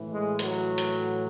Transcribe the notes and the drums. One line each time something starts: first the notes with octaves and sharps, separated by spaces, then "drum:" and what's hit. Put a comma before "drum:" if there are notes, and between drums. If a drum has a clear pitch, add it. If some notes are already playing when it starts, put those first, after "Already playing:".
Already playing: A2 E3
G#3
F#3, drum: hi-hat
drum: hi-hat